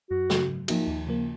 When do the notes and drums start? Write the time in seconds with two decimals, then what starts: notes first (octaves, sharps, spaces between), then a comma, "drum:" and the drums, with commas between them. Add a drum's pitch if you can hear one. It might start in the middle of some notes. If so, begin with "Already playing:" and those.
0.10 F#2 F#4
0.30 C#3 F#3, drum: snare
0.49 G#2
0.68 F3 A#3 D#4 F#4, drum: cymbal
0.87 D#2
1.07 C#3 F3 A#3